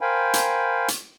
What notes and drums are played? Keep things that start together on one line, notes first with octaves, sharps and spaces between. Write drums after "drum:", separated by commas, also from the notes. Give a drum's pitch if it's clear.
A#4 C5 F5 G5 G#5 B5
drum: hi-hat
drum: hi-hat